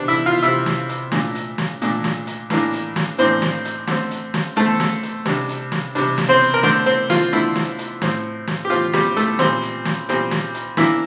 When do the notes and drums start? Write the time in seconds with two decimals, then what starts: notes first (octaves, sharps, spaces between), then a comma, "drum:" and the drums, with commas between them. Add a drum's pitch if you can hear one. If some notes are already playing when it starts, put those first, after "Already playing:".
Already playing: C3 G3 C4 D4 D5
0.08 E4 E5
0.26 F4 F5
0.43 C3 G3 C4 E4 E5, drum: hi-hat
0.66 drum: snare
0.89 drum: hi-hat
1.12 A#2 A3 D4, drum: snare
1.35 drum: hi-hat
1.58 drum: snare
1.82 A#2 A3 D4, drum: hi-hat
2.04 drum: snare
2.27 drum: hi-hat
2.50 A2 E3 A#3 D4, drum: snare
2.73 drum: hi-hat
2.96 drum: snare
3.18 A2 E3 A#3 C4 D4 C5, drum: hi-hat
3.42 drum: snare
3.65 drum: hi-hat
3.87 D3 A3 C4, drum: snare
4.11 drum: hi-hat
4.34 drum: snare
4.56 D3 A3 C4 A4, drum: hi-hat
4.80 drum: snare
5.03 drum: hi-hat
5.26 C3 G3 D4, drum: snare
5.49 drum: hi-hat
5.72 drum: snare
5.95 C3 G3 D4, drum: hi-hat
6.18 drum: snare
6.29 C4 C5
6.41 drum: hi-hat
6.54 A#4
6.63 D3 A3 C4 D4 C5, drum: snare
6.86 C4 C5, drum: hi-hat
7.10 F4, drum: snare
7.33 D3 A3 D4 E4, drum: hi-hat
7.56 drum: snare
7.79 drum: hi-hat
8.02 A2 F3 C4, drum: snare
8.47 drum: snare
8.65 G4
8.70 A2 F3 C4 F4, drum: hi-hat
8.93 G3 G4, drum: snare
9.16 A3 A4, drum: hi-hat
9.39 A#2 G3 C4 C5, drum: snare
9.62 drum: hi-hat
9.85 drum: snare
10.09 A#2 G3 C4, drum: hi-hat
10.31 drum: snare
10.54 drum: hi-hat
10.77 E3 A#3 D4 E4, drum: snare